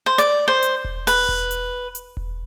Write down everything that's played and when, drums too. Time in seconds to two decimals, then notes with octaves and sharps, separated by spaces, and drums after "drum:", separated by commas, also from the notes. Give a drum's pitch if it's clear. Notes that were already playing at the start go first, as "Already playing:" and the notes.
0.06 C5
0.18 D5, drum: hi-hat
0.48 C5
0.62 drum: hi-hat
0.85 drum: kick E1
1.07 B4, drum: open hi-hat
1.29 drum: kick E1
1.51 drum: hi-hat
1.95 drum: hi-hat
2.17 drum: kick E1